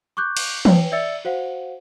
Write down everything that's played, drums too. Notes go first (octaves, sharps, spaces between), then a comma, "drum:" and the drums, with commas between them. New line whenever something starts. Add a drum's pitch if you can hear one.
C#6 D6 F#6 G6
drum: cymbal
B4 C#5 G5, drum: tom E3
D5 E5 E6 A6 C#7
F#4 C5 F5 F#5